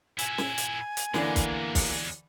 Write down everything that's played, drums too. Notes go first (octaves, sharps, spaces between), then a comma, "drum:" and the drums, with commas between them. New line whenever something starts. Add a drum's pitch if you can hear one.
A#2 E4 G#5, drum: hi-hat
drum: snare
drum: hi-hat
drum: hi-hat
E2 D3 E3 G#3 A#3 D5, drum: snare
drum: kick, hi-hat
drum: kick, open hi-hat